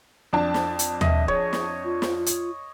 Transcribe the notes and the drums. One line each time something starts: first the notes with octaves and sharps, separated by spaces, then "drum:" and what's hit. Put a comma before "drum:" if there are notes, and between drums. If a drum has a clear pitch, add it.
F2 D4 A5
drum: snare
drum: hi-hat
D#5 E5, drum: tom D#2
G#4 C#5, drum: kick
drum: snare
F4
drum: snare
drum: hi-hat